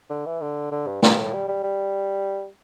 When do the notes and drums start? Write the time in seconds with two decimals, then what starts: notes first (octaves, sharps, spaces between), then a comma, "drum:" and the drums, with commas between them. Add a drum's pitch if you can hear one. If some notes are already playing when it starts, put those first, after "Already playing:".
0.10 D3
0.26 E3
0.41 D3
0.72 D3
0.87 G2
1.02 G2, drum: snare
1.18 A2
1.33 G3
1.48 G3
1.63 G3